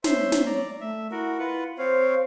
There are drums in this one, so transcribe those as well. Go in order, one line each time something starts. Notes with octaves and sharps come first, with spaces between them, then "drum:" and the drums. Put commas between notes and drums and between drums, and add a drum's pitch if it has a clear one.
C5 C#5 E5 C6, drum: snare
drum: snare
D5 A#5
A3 E5
E4 F#4 A#4
F4 B4 F#5
C4 C5 C#5 F5